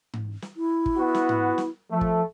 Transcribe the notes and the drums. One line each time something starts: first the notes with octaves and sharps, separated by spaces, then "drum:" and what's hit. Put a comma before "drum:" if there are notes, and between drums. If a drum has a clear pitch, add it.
drum: tom G#2
drum: snare
E4
drum: kick
B3 F#4
drum: snare
drum: tom G#2
drum: snare
F3 A3
drum: kick